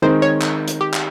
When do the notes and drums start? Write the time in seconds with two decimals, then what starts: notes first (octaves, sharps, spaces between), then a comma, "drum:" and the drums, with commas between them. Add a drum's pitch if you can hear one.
0.02 D#3 G#3 C4 D#4 A#4 C5
0.22 C#5
0.42 drum: clap
0.68 drum: hi-hat
0.81 G4
0.94 drum: clap